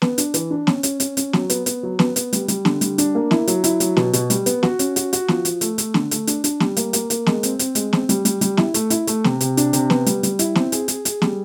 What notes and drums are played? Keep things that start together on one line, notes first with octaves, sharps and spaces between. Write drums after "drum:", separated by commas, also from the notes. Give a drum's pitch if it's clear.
B3, drum: snare
D4, drum: hi-hat
E3, drum: hi-hat
D4
C#4, drum: snare
C#4, drum: hi-hat
C#4, drum: hi-hat
C#4, drum: hi-hat
F#3, drum: snare
B3, drum: hi-hat
B3, drum: hi-hat
F#3
B3, drum: snare
B3, drum: hi-hat
G3, drum: hi-hat
G3, drum: hi-hat
D3, drum: snare
G3, drum: hi-hat
D4, drum: hi-hat
A#3
E4, drum: snare
F#3, drum: hi-hat
E4, drum: hi-hat
F#3, drum: hi-hat
B2, drum: snare
B2, drum: hi-hat
G3, drum: hi-hat
B3, drum: hi-hat
F#4, drum: snare
C#4, drum: hi-hat
F#4, drum: hi-hat
F#4, drum: hi-hat
F3, drum: snare
F3, drum: hi-hat
A3, drum: hi-hat
A3, drum: hi-hat
D3, drum: snare
A3, drum: hi-hat
D4, drum: hi-hat
D4, drum: hi-hat
G3, drum: snare
A#3, drum: hi-hat
A#3, drum: hi-hat
A#3, drum: hi-hat
G#3, drum: snare
C4, drum: hi-hat
C4, drum: hi-hat
G#3, drum: hi-hat
C4, drum: snare
G3, drum: hi-hat
G3, drum: hi-hat
G3, drum: hi-hat
E4, drum: snare
A3, drum: hi-hat
E4, drum: hi-hat
A3, drum: hi-hat
C3, drum: snare
C3, drum: hi-hat
D4, drum: hi-hat
C3, drum: hi-hat
B3, drum: snare
G3, drum: hi-hat
G3, drum: hi-hat
E4, drum: hi-hat
C4, drum: snare
G#4, drum: hi-hat
G#4, drum: hi-hat
G#4, drum: hi-hat
G3, drum: snare